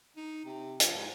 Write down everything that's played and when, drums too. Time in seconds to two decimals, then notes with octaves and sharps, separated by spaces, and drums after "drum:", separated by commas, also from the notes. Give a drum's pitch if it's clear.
0.17 D#4
0.45 C3
0.80 F3, drum: hi-hat
0.95 G#2